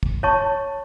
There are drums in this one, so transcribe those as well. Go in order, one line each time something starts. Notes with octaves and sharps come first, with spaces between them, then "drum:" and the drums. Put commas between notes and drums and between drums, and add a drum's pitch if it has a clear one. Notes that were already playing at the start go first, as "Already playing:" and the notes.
drum: kick
C#5 D#5 A5 C#6